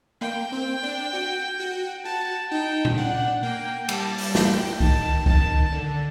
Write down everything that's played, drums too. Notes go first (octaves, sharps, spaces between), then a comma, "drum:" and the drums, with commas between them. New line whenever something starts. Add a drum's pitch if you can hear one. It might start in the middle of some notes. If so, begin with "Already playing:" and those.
A#3 G5
C4
D4
F#4
F#4
F#4 A5
D#4 G5
drum: tom A#2
D4 F#5
A#3 G5
G3 A5, drum: cymbal
drum: open hi-hat
G5, drum: snare
D#3 A5, drum: kick C2
D#3 A5, drum: kick C2
D3